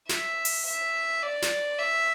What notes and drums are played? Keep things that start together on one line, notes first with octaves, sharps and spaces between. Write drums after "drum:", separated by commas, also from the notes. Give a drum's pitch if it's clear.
E5, drum: snare
drum: open hi-hat
E5
D5
drum: snare
E5